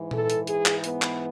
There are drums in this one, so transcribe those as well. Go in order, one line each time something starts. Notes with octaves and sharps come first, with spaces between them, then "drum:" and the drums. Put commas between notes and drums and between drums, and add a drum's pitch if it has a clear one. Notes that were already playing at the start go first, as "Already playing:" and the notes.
Already playing: G#2 E3
A4, drum: tom A#2
drum: hi-hat
G#4, drum: hi-hat
drum: clap
B3, drum: hi-hat
drum: clap